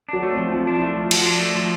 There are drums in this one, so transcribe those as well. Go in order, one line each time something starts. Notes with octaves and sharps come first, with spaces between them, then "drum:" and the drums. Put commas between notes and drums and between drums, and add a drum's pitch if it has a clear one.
F#3 D4
A3
F3 C4
F3 F4
D4
E4
A3 F4
F3
F3 F#4, drum: cymbal
D4
A3
F3